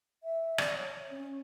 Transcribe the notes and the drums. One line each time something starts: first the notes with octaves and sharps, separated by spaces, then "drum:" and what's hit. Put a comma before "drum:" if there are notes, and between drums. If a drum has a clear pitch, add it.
E5
D5, drum: rim click
C#5
C#4